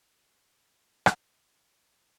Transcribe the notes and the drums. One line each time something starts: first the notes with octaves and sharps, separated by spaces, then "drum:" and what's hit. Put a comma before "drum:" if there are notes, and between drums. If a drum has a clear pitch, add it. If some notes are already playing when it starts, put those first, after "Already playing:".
G#2 G3 A4
A#2 A#3 D#5
A#3
drum: rim click
F#2 B3 C#4